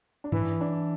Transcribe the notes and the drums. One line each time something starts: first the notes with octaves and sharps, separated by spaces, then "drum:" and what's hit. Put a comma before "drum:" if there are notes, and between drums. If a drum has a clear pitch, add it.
D4
E3 E4, drum: tom G2
D4